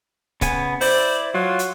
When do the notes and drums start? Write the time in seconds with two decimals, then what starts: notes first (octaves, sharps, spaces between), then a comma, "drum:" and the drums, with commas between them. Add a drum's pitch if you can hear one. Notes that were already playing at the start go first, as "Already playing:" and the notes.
0.41 C#3 B3 G#5, drum: kick C#1, hi-hat
0.81 E4 C5 D5, drum: open hi-hat
1.34 F#3 F4
1.59 drum: hi-hat